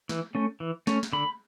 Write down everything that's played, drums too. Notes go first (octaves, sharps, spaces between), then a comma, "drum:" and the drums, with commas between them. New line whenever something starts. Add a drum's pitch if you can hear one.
E3, drum: snare
A3 C#4
E3
A3 C#4, drum: snare
drum: snare
D3 B5